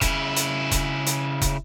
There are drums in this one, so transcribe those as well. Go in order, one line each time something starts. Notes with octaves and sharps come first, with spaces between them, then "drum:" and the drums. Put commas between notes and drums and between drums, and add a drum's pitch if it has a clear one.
C#3 E4, drum: kick E1, hi-hat
drum: hi-hat
drum: kick E1, hi-hat
drum: hi-hat
drum: kick E1, hi-hat